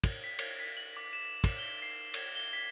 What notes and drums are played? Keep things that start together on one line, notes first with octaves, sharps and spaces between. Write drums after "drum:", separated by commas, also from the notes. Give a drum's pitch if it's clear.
drum: kick, cymbal
B6
drum: cymbal
B6
F#7
D6
E7
drum: kick, cymbal
G7
C7
G#6, drum: cymbal
G7
B6